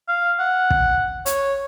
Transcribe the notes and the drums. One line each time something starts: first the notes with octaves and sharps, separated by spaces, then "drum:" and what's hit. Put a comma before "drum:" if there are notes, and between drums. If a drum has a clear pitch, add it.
F5
F#5
drum: kick
C#5, drum: hi-hat